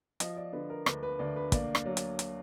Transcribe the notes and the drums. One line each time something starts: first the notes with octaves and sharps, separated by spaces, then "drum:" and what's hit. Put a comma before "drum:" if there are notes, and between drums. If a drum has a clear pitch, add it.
F3 D#5, drum: hi-hat
D5
D3 B4
A#4
D2 B4, drum: rim click
B4
D2 D5
B4
A#3 D5, drum: kick, hi-hat
drum: rim click
F#3
drum: hi-hat
drum: hi-hat